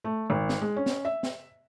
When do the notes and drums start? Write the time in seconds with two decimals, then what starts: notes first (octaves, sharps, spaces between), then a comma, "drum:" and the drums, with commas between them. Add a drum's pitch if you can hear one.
0.04 A3
0.30 G#1
0.49 drum: snare
0.61 G#3
0.76 C#4
0.86 drum: snare
1.05 E5
1.23 drum: snare